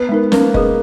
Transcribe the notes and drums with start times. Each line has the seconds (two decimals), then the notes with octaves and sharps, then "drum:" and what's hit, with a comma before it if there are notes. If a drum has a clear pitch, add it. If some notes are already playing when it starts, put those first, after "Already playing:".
Already playing: B3
0.09 G#3 D#4 A#4
0.32 A#3 C#4, drum: snare
0.54 G#4 B4 D#5, drum: kick F1